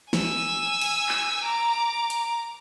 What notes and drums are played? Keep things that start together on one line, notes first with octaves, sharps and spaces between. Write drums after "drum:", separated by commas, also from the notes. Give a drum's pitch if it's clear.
G#5 E6, drum: snare
drum: cymbal
drum: clap
A#5 D6
drum: hi-hat